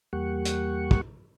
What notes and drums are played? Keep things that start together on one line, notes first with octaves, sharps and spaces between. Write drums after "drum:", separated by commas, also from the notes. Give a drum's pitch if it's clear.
E2 G3 A#3 G4 F#5 C#6
drum: hi-hat
drum: kick